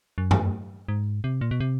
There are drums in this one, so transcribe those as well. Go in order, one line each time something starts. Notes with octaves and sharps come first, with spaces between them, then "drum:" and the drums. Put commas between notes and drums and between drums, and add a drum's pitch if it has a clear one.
F#2
drum: tom G2
G#2
C3
A#2
B2
C3